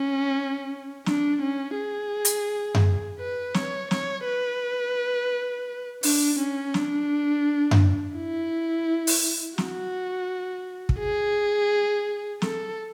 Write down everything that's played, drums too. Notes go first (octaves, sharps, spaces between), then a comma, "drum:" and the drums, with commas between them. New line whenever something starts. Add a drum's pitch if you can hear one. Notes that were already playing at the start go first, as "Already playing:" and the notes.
Already playing: C#4
D4, drum: snare
C#4
G#4
drum: hi-hat
drum: tom F#2
B4
C#5, drum: snare
C#5, drum: snare
B4
D4, drum: open hi-hat
C#4
D4, drum: snare
drum: tom F#2
E4
drum: open hi-hat
F#4, drum: snare
drum: kick
G#4
A4, drum: snare